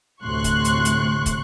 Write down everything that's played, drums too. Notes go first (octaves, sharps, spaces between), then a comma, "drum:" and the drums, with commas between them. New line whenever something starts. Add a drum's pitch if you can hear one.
D2 A2 C3 C6 C#6 F#6
drum: kick, hi-hat
drum: hi-hat
drum: hi-hat
drum: kick, hi-hat